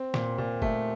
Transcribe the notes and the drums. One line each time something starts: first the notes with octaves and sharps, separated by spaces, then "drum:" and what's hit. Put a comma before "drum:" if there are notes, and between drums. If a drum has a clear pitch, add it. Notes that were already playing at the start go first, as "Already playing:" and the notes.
Already playing: C4
A#2, drum: snare
A#2
A3, drum: kick